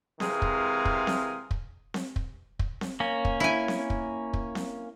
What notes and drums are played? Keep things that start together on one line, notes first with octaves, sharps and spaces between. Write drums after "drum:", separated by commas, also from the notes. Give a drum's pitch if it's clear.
C3 E3 G#3 G#4 A#4 F5, drum: snare C4
drum: kick
drum: kick
drum: snare C4
drum: kick
drum: snare C4
drum: kick
drum: kick
drum: snare C4
A#3 C#4
drum: kick
E4 G#5
drum: snare C4
drum: kick
drum: kick
drum: snare C4